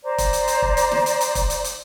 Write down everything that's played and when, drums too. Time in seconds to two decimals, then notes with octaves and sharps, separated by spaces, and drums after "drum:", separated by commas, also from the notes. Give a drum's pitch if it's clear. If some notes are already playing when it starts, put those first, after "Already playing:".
0.04 C5 D5 A#5 D6
0.18 drum: kick, hi-hat
0.33 drum: hi-hat
0.48 drum: hi-hat
0.62 drum: kick
0.77 drum: hi-hat
0.91 drum: snare
1.06 drum: hi-hat
1.21 drum: hi-hat
1.35 drum: kick, hi-hat
1.50 drum: hi-hat
1.64 drum: hi-hat